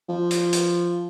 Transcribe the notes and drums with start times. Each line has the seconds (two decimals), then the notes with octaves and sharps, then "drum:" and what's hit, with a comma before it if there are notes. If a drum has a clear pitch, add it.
0.09 F3
0.31 drum: hi-hat
0.53 drum: hi-hat